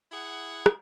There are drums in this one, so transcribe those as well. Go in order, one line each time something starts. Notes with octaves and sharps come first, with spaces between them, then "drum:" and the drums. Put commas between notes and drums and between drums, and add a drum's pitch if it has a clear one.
E4 G#4 F#5
drum: rim click